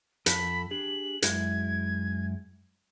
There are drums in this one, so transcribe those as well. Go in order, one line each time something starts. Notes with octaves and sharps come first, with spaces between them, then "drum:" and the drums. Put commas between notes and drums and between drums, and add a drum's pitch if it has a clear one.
F2 A4 B5, drum: hi-hat
D4 G4 G#4 F#7
F#2 G#3 E4 G#6, drum: hi-hat